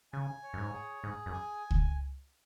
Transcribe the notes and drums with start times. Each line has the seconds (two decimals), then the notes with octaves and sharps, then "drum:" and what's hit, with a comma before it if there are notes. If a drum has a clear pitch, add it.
0.13 C#3 G#5
0.43 C#5
0.53 F#2
0.58 G#2
0.74 G#4
1.02 G#2 G#4
1.26 F#2
1.32 G#5
1.71 drum: kick C#2